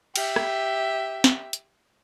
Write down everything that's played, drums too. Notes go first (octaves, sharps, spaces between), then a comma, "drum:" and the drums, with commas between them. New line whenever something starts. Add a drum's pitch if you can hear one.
G4 E5, drum: cymbal
drum: rim click
drum: snare
drum: hi-hat